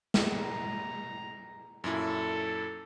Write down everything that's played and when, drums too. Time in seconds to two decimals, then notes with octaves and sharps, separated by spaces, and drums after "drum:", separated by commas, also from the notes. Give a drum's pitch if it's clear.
0.14 drum: snare
0.34 A#5
1.84 F#2 A#2 E4 A4